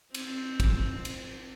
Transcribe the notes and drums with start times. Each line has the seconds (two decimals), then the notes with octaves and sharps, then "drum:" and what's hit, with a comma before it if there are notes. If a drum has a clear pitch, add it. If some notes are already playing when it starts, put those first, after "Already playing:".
0.14 C4, drum: cymbal
0.60 drum: kick, cymbal
1.05 drum: cymbal